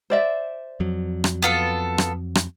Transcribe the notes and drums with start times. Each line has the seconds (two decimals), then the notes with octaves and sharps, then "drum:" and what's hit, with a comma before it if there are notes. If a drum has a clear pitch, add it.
0.10 C5 D5 E5
0.80 F2 F#3
1.24 drum: rim click
1.42 B3 F4 A4
1.98 drum: rim click
2.35 drum: rim click